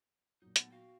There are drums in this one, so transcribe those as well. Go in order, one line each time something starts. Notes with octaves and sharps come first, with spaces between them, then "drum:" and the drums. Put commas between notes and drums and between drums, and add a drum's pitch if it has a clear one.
A#2 F#3 D#4
A3 B3 D#4 A4 F#5, drum: hi-hat
F#4 F5 G5